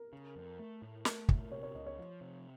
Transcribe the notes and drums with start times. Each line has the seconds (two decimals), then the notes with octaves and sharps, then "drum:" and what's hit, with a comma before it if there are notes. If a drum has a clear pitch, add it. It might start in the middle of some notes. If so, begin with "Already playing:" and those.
Already playing: A#4
0.13 C#3
0.36 F2
0.59 A3
0.82 A2
1.05 A3 A#4, drum: snare
1.29 A#2, drum: kick
1.51 C3 C#5
1.63 C#5
1.75 C#2 D#5
1.87 C#5
1.99 F3
2.21 C3